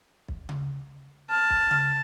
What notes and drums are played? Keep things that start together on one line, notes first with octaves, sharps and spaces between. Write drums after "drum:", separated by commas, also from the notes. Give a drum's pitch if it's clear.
drum: kick
drum: tom C#3
A5 F6
drum: kick
drum: tom C#3